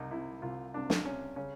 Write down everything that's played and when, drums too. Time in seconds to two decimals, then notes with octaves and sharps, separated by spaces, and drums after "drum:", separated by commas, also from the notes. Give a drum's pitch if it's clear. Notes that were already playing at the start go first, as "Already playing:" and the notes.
Already playing: C2 D#4
0.11 C3 E4
0.42 C2 F4
0.74 C3 D4
0.90 drum: snare
1.05 C3 C#4
1.36 C#3 C#4